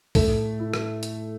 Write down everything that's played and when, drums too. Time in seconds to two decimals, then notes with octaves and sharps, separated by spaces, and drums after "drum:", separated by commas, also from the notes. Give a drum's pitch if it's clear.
0.15 A2 A3, drum: kick, open hi-hat
0.59 E4
0.74 drum: rim click
1.03 drum: hi-hat